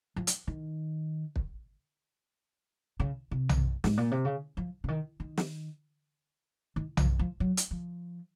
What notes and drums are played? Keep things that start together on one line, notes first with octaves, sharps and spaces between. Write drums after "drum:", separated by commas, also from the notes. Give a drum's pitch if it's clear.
F3
drum: hi-hat
D#3
drum: kick
C#3
C3
drum: tom B1
G#2, drum: snare
A#2
C3
C#3
F3
C#3
D#3
D#3
drum: snare
D#3
F3, drum: tom B1
F3
F#3
drum: hi-hat
F3